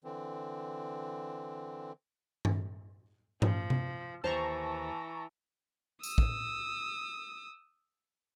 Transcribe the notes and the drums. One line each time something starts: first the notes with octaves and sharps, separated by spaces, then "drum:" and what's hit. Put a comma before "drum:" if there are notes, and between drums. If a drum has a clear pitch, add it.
D3 E3 C4
drum: tom G2
F3, drum: tom G2
drum: tom C3
D#2 E3 C5 A5 A#5 C#6
D#6 E6, drum: tambourine
drum: kick